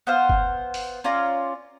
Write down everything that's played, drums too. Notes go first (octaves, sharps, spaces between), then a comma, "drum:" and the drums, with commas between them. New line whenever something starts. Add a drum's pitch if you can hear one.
B3 C5 F5
drum: kick F#1
drum: open hi-hat
C#4 F4 D5 A#5